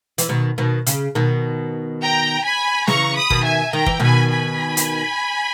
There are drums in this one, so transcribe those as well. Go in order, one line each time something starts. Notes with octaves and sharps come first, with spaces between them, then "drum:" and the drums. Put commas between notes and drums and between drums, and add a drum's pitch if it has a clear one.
E3, drum: hi-hat
B2 D#3
B2 D#3
C#3, drum: hi-hat
B2 D#3
G5 A#5
G#5 B5
C#3 E3 A#5 C#6, drum: snare
B5 D#6
B2 D#3, drum: kick
E5 G#5
D#3 G5 A#5
E3, drum: kick
B2 D#3 G#5 B5
G#5 B5
drum: hi-hat